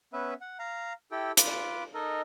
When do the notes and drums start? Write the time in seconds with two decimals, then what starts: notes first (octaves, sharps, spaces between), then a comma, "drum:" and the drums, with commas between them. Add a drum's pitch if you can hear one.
0.13 B3 C#4 B4 E5
0.41 F#5
0.59 F5 A#5
1.11 E4 G4 A4 G5
1.37 F4 B4 D6, drum: hi-hat
1.94 D#4 A4 A#4 D#5